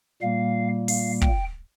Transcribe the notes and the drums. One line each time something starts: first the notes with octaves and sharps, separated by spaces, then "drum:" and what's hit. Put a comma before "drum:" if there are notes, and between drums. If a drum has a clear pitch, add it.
A#2 G3 A#3 F5
F5, drum: open hi-hat
G5, drum: kick